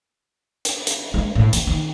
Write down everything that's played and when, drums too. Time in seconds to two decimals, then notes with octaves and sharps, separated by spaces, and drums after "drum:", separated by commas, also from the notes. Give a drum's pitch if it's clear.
0.65 drum: hi-hat
0.87 drum: hi-hat
1.14 G#3
1.35 A2
1.53 E3, drum: hi-hat
1.67 D#3